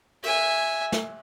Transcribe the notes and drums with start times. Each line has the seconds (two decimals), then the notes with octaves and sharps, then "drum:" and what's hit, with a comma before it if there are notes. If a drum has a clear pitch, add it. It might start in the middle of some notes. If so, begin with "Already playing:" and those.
0.23 E5 G#5, drum: cymbal
0.92 drum: snare